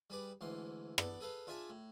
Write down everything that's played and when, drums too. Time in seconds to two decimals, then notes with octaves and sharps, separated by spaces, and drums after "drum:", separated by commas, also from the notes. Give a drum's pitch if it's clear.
0.10 G3 G#4 B4 D5
0.41 D2 G#2 E3 C6
0.98 B3 D4 A4 D5, drum: rim click
1.20 G#4 A4 B4 F5
1.47 D4 F4 G#4 E5 G#5 A5
1.70 A2